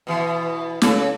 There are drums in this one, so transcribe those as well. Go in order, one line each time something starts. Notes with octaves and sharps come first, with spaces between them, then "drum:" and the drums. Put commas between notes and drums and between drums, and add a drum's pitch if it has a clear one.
B2 E3
C#3 A4, drum: snare